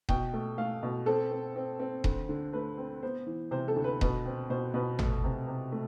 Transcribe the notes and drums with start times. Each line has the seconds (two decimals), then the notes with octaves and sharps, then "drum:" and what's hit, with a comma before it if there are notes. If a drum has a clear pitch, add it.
0.09 B2 G5, drum: kick D#1
0.33 A3
0.58 A3 F5
0.83 B2
1.06 C4 A4
1.31 C4
1.56 C4
1.79 C4
2.04 D2, drum: kick D#1
2.29 D3
2.53 A3 B4
2.78 C4
3.03 B3 C5
3.26 E3
3.51 C3 C5
3.68 A4
3.76 D2
3.84 B4
4.01 B2 B4, drum: kick D#1
4.25 C4
4.50 B2 C5
4.74 B2 B4
4.99 A3, drum: tom G#1
5.24 C3
5.47 C3
5.72 A3